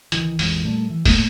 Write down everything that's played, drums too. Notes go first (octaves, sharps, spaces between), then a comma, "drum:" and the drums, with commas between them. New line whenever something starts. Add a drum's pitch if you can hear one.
C#2 D#3 E3, drum: hi-hat
A#1 F2 E3 G#3, drum: open hi-hat
A#2 G3 A3
E3
A2 A3 A#3, drum: kick E1, open hi-hat